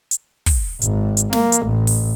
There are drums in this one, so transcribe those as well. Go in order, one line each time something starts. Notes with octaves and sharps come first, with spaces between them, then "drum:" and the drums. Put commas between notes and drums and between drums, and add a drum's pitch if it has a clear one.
drum: hi-hat
drum: kick, open hi-hat
G#1, drum: hi-hat
drum: hi-hat
A#3, drum: snare
drum: hi-hat
A1
drum: open hi-hat